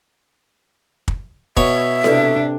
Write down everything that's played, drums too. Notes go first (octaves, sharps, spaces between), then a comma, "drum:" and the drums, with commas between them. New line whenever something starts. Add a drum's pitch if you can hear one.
drum: kick
B2 C#5 E5, drum: kick
C3 D4 A4 B4 D5, drum: snare E4